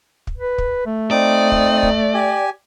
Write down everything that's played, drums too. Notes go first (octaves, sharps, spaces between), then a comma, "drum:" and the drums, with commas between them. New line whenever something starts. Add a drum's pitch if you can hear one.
drum: kick
B4
drum: kick
A3
C4 D#4 D5 D#6
drum: kick
drum: kick
G4 G#5